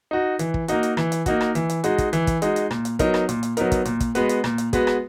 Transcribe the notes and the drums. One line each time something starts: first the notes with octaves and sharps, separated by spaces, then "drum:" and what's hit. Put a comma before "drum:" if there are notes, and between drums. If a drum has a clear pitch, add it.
D#4 F#4
E3, drum: hi-hat
drum: kick
A#3 D#4 F#4, drum: hi-hat
drum: hi-hat
E3, drum: rim click
drum: hi-hat
A#3 D#4 F#4, drum: kick, hi-hat
drum: rim click
E3, drum: hi-hat
drum: hi-hat
G#3 D#4 F#4, drum: hi-hat
drum: kick, hi-hat
E3, drum: hi-hat
drum: kick, hi-hat
G#3 D#4 F#4, drum: hi-hat
drum: hi-hat
A#2, drum: rim click
drum: hi-hat
F#3 B3 D#4 A#4, drum: kick, hi-hat
drum: rim click
A#2, drum: hi-hat
drum: hi-hat
F#3 B3 D#4 A#4, drum: hi-hat
drum: kick, hi-hat
A#2, drum: hi-hat
drum: kick, hi-hat
G#3 B3 F#4 B4, drum: hi-hat
drum: hi-hat
A#2, drum: rim click
drum: hi-hat
G#3 B3 F#4 B4, drum: kick, hi-hat
drum: rim click